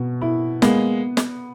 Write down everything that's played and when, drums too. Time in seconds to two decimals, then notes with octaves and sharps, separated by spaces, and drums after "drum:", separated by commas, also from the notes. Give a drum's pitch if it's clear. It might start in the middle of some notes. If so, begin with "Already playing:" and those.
Already playing: B2
0.22 E4
0.62 G#3 A#3 B3, drum: snare
1.17 drum: snare